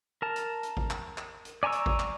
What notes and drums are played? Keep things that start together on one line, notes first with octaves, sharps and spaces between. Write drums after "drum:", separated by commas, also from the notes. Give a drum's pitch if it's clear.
A#4 A5
drum: hi-hat
drum: hi-hat
drum: kick G#1
drum: clap
drum: clap
drum: hi-hat
D5 G#5 A#5 C#6 E6
drum: hi-hat
drum: kick G#1
drum: clap